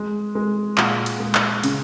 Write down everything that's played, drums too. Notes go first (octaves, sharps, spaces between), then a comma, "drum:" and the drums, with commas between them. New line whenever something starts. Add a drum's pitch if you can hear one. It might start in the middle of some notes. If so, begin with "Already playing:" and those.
Already playing: G#3
G#3
A#2 F#5, drum: clap
drum: cymbal
G#3
drum: clap
C#3, drum: cymbal